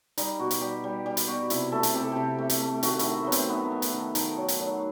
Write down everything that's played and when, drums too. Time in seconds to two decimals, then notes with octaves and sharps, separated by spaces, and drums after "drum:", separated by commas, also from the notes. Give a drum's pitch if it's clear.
0.18 G3 D#4, drum: hi-hat
0.39 B2 F#4
0.51 drum: hi-hat
0.61 G3 G4
0.84 G3
1.06 G3 G4
1.17 drum: hi-hat
1.28 B2 F#4
1.50 C3 E4, drum: hi-hat
1.72 A3 A4
1.83 drum: hi-hat
1.94 C3 G4
2.03 A4
2.12 C3 G4
2.38 A3
2.49 drum: hi-hat
2.60 A3
2.83 D#3 F#4, drum: hi-hat
2.99 E4, drum: hi-hat
3.05 D#3
3.25 F#3 B3
3.32 C4, drum: hi-hat
3.49 D#3 B3
3.72 A3
3.82 drum: hi-hat
3.94 D#3
4.15 D#3, drum: hi-hat
4.37 F#3
4.48 drum: hi-hat
4.60 F#3